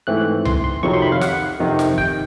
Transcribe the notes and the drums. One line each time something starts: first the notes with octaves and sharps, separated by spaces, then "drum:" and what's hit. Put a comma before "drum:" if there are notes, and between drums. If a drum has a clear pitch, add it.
G#2 E3 A3 C4 F#6
C6, drum: tom C2
C6
F2 C3 D#3 F#3 C#6
C6
B5
F5
F#5, drum: snare
F2 C3 D#3
drum: snare
G5, drum: kick